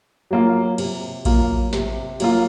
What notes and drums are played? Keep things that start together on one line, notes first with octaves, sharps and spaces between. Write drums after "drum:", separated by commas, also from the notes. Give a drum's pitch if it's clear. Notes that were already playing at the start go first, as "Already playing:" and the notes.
F#3 A#3 F4
C3, drum: cymbal
F#3 A#3 F4, drum: kick A#1, cymbal
C3, drum: snare
F#3 A#3 F4, drum: cymbal